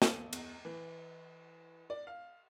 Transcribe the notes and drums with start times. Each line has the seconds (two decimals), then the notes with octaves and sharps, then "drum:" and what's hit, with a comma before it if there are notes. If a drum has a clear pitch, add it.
0.02 D#7, drum: snare
0.33 E2, drum: cymbal
0.65 E3
1.90 D5
2.07 F5